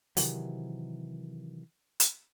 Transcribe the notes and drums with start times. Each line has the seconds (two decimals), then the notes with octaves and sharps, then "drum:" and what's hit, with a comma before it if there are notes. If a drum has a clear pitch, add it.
0.17 C3 D#3 E3 F#3, drum: open hi-hat
2.00 drum: hi-hat